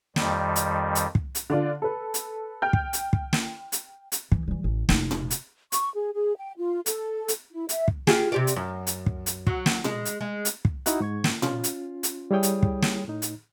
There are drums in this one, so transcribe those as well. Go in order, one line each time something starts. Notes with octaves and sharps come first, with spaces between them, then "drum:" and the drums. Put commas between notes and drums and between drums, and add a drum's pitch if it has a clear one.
F2 D#3 G3, drum: snare
drum: hi-hat
drum: hi-hat
drum: kick
drum: hi-hat
D3 D4 F4
A4 B4
drum: hi-hat
G5 F6 G6
drum: kick
drum: hi-hat
drum: kick
drum: snare
drum: hi-hat
drum: hi-hat
E3, drum: kick
E3 G3
A1
F1 D#4, drum: snare
drum: tom A#2
drum: hi-hat
C#6, drum: hi-hat
G#4
G#4
G5
F4
A4, drum: hi-hat
drum: hi-hat
E4
E5, drum: hi-hat
drum: kick
F4 G4 G#4, drum: snare
C3 G4 D5
drum: hi-hat
F#2
drum: hi-hat
drum: kick
drum: hi-hat
F#3, drum: kick
drum: snare
G#3, drum: tom A#2
drum: hi-hat
G#3
drum: hi-hat
drum: kick
D#4 E4 F#4 F#5, drum: hi-hat
G#2 C#6 G#6
drum: snare
C#4 F4, drum: tom A#2
drum: hi-hat
drum: hi-hat
G3 E4 G#4 C#5 G5 D#6
drum: hi-hat
drum: kick
drum: snare
A2 D#4
drum: hi-hat